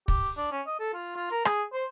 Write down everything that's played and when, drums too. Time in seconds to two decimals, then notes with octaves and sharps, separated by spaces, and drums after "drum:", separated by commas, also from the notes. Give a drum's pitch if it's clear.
0.08 G4, drum: kick
0.37 D4
0.51 C#4
0.67 D#5
0.79 A4
0.94 F4
1.16 F4
1.31 A#4
1.45 G#4, drum: rim click
1.74 C5